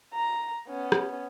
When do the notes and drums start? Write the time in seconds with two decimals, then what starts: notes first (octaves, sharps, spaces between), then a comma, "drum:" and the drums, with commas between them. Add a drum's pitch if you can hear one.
0.14 A#5
0.69 B3 C#4
0.92 drum: rim click